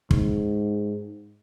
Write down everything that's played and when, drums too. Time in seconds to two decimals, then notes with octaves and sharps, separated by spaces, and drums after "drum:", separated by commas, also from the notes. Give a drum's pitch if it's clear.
0.11 G#2, drum: kick